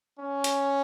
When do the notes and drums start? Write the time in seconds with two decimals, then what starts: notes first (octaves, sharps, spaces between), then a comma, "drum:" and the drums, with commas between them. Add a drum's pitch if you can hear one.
0.19 C#4
0.44 drum: hi-hat